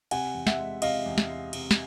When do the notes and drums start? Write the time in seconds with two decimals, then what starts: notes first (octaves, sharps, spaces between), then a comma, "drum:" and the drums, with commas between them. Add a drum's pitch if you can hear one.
0.11 C3 F#5 G#5, drum: cymbal
0.34 E2
0.47 E5 F#5, drum: snare
0.58 G#3
0.82 C3 D#5 F5, drum: cymbal
1.06 E2
1.18 drum: snare
1.30 G#3
1.53 C3, drum: cymbal
1.71 drum: snare